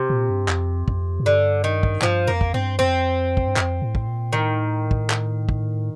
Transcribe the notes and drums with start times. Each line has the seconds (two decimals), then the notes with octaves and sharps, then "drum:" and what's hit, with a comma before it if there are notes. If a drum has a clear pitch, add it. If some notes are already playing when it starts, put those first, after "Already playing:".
Already playing: C3
0.10 A#2
0.30 G2
0.48 F2, drum: clap
0.88 F2, drum: kick
1.20 A2
1.25 G2 D3
1.64 D#3
1.83 drum: kick
2.02 G2 F3, drum: clap
2.27 F2 A#3
2.41 drum: kick
2.54 G2 C4
2.79 F2 C4
3.37 drum: kick
3.48 G2
3.57 F2, drum: clap
3.82 A2
3.95 drum: kick
4.07 A#2
4.33 A2 D#3
4.91 drum: kick
5.10 drum: clap
5.49 drum: kick